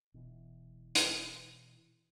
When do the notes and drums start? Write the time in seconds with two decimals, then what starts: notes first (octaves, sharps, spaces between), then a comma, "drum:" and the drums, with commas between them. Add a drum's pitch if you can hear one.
0.14 D#1 B2 E3
0.95 drum: hi-hat